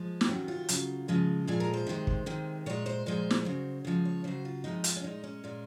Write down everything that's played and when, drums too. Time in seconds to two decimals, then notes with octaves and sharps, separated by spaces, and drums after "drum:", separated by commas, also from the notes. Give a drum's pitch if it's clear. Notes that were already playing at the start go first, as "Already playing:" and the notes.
Already playing: F3 G#3
0.21 C4, drum: snare
0.29 C3 D#3 F#3 C#4
0.48 F4
0.69 C#3 F#3, drum: hi-hat
1.08 C#3 F3 G#3
1.47 A#2 F3 G#3 G#4
1.60 A#4
1.73 C5
1.87 C3 D#3 G#3
2.07 drum: kick
2.26 C3 D#3 G#3
2.66 A#2 G#3 C#5
2.86 C5
3.06 A#2 F3 G#3 C5
3.31 drum: snare
3.45 C#3 F#3
3.85 C#3 F3 G#3
4.05 C#5
4.24 C#3 F#3 C5
4.45 F4
4.64 C3 F3 G#3 D#4
4.84 F4, drum: hi-hat
4.96 C#4
5.04 A#2 G#3 D#4
5.24 C#4
5.44 A#2 G#3